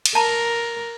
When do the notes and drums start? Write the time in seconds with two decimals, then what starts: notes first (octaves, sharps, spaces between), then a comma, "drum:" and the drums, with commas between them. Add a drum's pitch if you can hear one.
0.06 drum: cymbal
0.15 A#4 A5 A#5